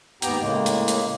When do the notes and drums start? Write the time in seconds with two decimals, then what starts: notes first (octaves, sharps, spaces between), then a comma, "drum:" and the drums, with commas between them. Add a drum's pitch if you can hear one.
0.22 D#2 G#2 B3 G4 G5 A#5, drum: hi-hat
0.40 A2 C#3 G#3 A#3
0.66 drum: hi-hat
0.88 drum: hi-hat